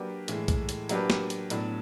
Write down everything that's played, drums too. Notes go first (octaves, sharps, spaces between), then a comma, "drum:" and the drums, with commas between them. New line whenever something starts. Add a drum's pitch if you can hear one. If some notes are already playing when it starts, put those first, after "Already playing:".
Already playing: F#3 A#3 D4 G4 B4
A2 E3 G#3, drum: hi-hat
drum: kick B1, hi-hat
drum: hi-hat
F#3 A#3 D4 G4 B4, drum: hi-hat
drum: snare
drum: hi-hat
A2 F#3 B3 D4, drum: hi-hat